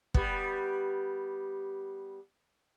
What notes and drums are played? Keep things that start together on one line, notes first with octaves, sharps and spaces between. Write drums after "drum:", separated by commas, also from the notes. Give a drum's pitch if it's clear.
G3 B3, drum: kick